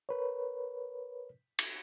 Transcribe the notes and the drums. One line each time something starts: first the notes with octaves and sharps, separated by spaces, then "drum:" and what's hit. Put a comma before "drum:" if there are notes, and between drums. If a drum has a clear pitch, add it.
A#4 B4 C#5
drum: cymbal